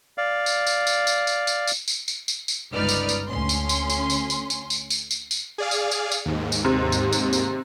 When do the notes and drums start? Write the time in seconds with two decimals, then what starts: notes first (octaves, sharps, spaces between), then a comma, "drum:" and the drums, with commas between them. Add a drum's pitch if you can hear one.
0.18 D5 F5
0.46 drum: tambourine
0.67 drum: tambourine
0.87 drum: tambourine
1.07 drum: tambourine
1.27 drum: tambourine
1.47 drum: tambourine
1.67 drum: tambourine
1.88 drum: tambourine
2.08 drum: tambourine
2.28 drum: tambourine
2.48 drum: tambourine
2.73 G1 C#2 D#4 B4 D5 F6
2.89 drum: tambourine
3.09 drum: tambourine
3.29 D2 C#4 C6
3.49 drum: tambourine
3.69 drum: tambourine
3.90 drum: tambourine
4.10 drum: tambourine
4.30 drum: tambourine
4.50 drum: tambourine
4.70 drum: tambourine
4.90 drum: tambourine
5.11 drum: tambourine
5.31 drum: tambourine
5.58 G#4 D5 F5
5.71 drum: tambourine
5.91 drum: tambourine
6.12 drum: tambourine
6.26 D#2 G#2
6.52 drum: tambourine
6.65 C3
6.92 drum: tambourine
7.13 drum: tambourine
7.33 drum: tambourine